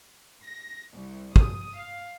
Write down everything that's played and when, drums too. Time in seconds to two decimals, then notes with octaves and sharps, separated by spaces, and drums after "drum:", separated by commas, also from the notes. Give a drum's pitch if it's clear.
0.46 A#6
0.94 C2
1.36 D#6, drum: kick
1.76 F5